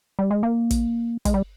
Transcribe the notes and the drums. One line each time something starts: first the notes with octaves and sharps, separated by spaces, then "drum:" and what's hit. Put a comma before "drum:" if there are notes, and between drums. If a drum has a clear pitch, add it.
G3
G#3
A#3
drum: kick, hi-hat
G#3, drum: kick, hi-hat
G3